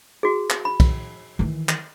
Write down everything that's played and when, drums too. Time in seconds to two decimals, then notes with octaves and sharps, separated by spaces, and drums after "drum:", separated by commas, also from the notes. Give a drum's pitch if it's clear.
0.23 F#4 G#4
0.50 drum: clap
0.65 B5
0.80 drum: kick, cymbal
1.39 D#3 E3
1.69 drum: clap